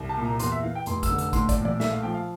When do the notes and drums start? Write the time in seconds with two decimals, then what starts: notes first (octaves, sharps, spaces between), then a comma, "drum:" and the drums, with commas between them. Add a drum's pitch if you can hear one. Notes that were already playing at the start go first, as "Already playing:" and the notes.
Already playing: C2
0.09 A5
0.17 A#2
0.25 A#5
0.39 E2 C6, drum: hi-hat
0.52 E5
0.63 E3 F5
0.75 G5
0.86 F1 C6, drum: hi-hat
1.03 E6, drum: kick, hi-hat
1.10 D3
1.18 E6, drum: hi-hat
1.33 A2 C6, drum: kick, hi-hat
1.49 D5, drum: kick, hi-hat
1.56 A#1
1.65 D5, drum: tom E3
1.80 A3 E5, drum: snare
1.92 F5
2.03 F3 G5
2.14 F5